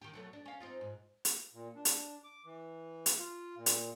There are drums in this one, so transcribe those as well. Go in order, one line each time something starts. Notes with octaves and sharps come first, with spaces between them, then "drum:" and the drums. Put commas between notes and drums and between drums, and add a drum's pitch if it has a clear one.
D#3 G4
B2 F#3 A3
D4
C#4 F5
C4 D#4 F4
G#2
drum: hi-hat
A#2
D4
drum: hi-hat
D6
E3
drum: hi-hat
F4
A#2
drum: hi-hat